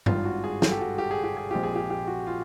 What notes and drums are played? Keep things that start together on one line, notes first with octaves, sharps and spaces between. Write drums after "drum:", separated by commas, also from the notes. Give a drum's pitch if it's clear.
G#1 G2 D#3 F4, drum: tom G2
F#4
G#4
A4, drum: snare
G4
F#4
G4
G#4
G4
G#4
A#1 A#2 F3 G#3 C4 G4
G#4
G4
G4
F#4
F4